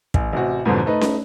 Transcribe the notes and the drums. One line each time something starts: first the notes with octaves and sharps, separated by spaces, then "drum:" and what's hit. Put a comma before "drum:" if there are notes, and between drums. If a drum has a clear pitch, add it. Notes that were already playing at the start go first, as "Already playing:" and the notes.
A1, drum: kick
A1 C3 F#4
F2 G#2 B2 D3 F#3
A3 D#4 B4
drum: snare C#4